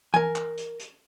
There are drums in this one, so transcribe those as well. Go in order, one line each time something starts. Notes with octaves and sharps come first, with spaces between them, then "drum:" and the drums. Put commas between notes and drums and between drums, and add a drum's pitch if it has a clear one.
A#4 G#5, drum: tom E3
drum: clap
drum: hi-hat
drum: hi-hat